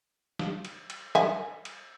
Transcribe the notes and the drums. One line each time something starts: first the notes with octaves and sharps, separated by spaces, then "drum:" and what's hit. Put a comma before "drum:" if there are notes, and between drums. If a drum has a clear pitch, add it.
drum: snare
drum: cymbal
drum: cymbal
E5 G#5, drum: snare
drum: cymbal